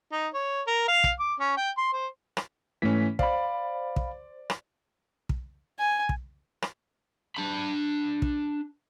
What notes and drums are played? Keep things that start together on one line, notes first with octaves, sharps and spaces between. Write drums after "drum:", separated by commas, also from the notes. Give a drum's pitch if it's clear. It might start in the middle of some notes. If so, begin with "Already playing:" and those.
D#4
C#5
A#4
F5
drum: kick
D6
C#4
G5
C6
C5
drum: rim click
G#2 E3 A3 C#4 B6
C5 D5 F5 B5, drum: kick
drum: kick
drum: rim click
drum: kick
G#5
drum: kick
drum: rim click
D4 B5
drum: kick